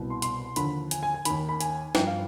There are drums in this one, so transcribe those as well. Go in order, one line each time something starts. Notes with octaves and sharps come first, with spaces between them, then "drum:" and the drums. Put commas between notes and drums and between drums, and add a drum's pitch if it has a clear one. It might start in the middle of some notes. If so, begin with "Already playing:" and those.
Already playing: C2 B2
C6
C6, drum: hi-hat
D#2 D3 F3 B5, drum: hi-hat
G#5, drum: hi-hat
G#5
G#5
D#2 D#3 B5, drum: hi-hat
B5
G#5, drum: hi-hat
G2 F3 G5, drum: snare
F5